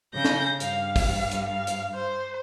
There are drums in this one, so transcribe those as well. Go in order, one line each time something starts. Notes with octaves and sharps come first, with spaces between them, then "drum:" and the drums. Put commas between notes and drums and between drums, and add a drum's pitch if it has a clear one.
C#3 G6 A#6
drum: snare
G2 F5, drum: hi-hat
drum: kick, open hi-hat
drum: hi-hat
F5
drum: hi-hat
C5